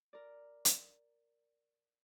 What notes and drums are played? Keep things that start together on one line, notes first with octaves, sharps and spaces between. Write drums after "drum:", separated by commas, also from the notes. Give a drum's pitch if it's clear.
A#4 D5
drum: hi-hat